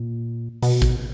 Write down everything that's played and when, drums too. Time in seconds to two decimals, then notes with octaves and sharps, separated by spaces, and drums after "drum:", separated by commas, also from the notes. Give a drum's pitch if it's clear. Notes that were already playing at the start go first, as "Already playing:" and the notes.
Already playing: A#2
0.62 B2, drum: open hi-hat
0.82 drum: kick, hi-hat